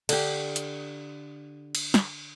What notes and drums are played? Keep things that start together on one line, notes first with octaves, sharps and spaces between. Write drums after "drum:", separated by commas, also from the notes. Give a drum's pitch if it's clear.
D3 G4, drum: cymbal
drum: hi-hat
drum: cymbal
drum: snare